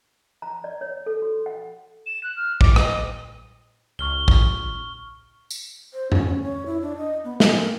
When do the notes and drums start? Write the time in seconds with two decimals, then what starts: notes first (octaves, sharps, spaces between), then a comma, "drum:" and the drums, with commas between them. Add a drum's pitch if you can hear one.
0.42 A#5
0.64 D5
0.81 C#5
1.06 A4
1.22 F#4
1.46 F#5
2.06 E7
2.23 F#6
2.36 F6
2.61 D6, drum: kick A1
2.76 D#5, drum: rim click
3.99 C#2 C#6 F6 G7
4.28 drum: kick A1
5.50 drum: tambourine
5.94 C5
6.12 C#4, drum: tom F2
6.27 C#4
6.43 C#5
6.66 E4
6.82 D4
6.97 D#5
7.24 B3
7.40 G#3, drum: snare
7.57 A#4